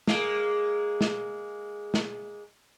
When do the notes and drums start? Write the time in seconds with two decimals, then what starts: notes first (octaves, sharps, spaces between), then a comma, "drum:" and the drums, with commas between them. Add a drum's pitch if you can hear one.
0.07 G#3 A#3, drum: snare
1.01 drum: snare
1.94 drum: snare